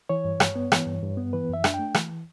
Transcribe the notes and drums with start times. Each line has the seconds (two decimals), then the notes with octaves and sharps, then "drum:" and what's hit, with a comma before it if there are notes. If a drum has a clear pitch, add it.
0.09 E3 C#5
0.25 G2
0.40 G2, drum: rim click
0.56 B3
0.72 E3, drum: rim click
0.87 G2
1.03 G2
1.17 B3
1.33 E3 B4
1.49 F#2 E5
1.64 D4, drum: rim click
1.74 G5
1.79 A3
1.94 E3, drum: rim click